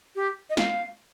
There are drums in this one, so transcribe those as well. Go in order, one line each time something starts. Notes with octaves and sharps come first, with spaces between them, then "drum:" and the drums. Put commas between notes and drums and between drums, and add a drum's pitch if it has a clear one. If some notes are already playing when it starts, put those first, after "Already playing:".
G4
D#5
F5, drum: snare